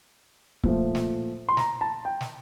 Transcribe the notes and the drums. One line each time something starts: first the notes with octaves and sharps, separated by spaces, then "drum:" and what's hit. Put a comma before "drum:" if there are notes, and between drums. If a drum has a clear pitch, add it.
A#2 F3 A3, drum: kick C#1
drum: snare
C6
A#5, drum: snare
A5
G5
drum: snare